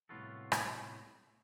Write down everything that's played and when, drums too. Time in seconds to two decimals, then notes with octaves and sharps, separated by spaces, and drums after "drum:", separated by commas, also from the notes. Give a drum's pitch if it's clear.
0.09 C2 A2 B3 F4 F#4 A4
0.52 drum: rim click